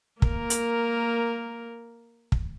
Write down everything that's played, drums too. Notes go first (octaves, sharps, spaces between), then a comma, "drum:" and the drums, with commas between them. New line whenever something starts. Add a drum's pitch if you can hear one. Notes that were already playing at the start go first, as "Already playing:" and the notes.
A#3 A#4, drum: kick
drum: hi-hat
drum: kick